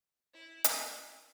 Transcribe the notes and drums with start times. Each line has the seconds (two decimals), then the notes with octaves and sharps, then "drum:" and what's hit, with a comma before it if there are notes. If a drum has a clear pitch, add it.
0.34 E4
0.64 drum: hi-hat